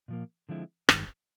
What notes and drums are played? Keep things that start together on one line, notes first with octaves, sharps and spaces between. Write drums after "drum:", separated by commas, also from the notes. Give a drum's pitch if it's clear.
A#2 F3 A#3
D3 F3 G#3 C4 E4
G2 D#3 G#3, drum: rim click